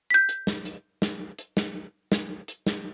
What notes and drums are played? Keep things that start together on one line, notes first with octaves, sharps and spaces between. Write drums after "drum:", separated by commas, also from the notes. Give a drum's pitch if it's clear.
G6 B6
drum: hi-hat
drum: snare
drum: hi-hat
drum: snare
drum: hi-hat
drum: snare
drum: snare
drum: hi-hat
drum: snare